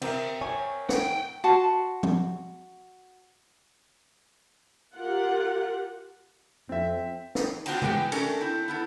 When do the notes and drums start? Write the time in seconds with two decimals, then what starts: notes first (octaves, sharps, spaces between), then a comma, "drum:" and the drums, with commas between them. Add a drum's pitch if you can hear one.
0.02 C3 C4 A#4 E5, drum: cymbal
0.41 C#5 G#5
0.89 F#5 G5, drum: snare
1.44 F#4 A5 C6 C#6
2.03 drum: tom F3
4.95 F4 G4 A#4 F#5
6.69 F2 C4 E5
7.35 drum: snare
7.66 B3 F4 F#4 C5 G5 A5, drum: cymbal
7.82 E3 G#3 B3 G4 G5, drum: tom C3
8.12 A3 C#4 D4 A4 A#4, drum: cymbal
8.41 C4 E4
8.68 B3 E4 A4